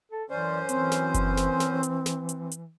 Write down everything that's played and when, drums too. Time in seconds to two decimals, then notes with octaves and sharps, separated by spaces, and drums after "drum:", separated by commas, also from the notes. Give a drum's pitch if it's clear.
0.12 A4
0.30 F#2 E3 C#4 C5 D5
0.69 E3 C4, drum: hi-hat
0.92 drum: snare
1.14 drum: kick F#1, hi-hat
1.37 drum: snare
1.60 drum: snare
1.83 drum: hi-hat
2.06 drum: snare
2.29 drum: hi-hat
2.52 drum: hi-hat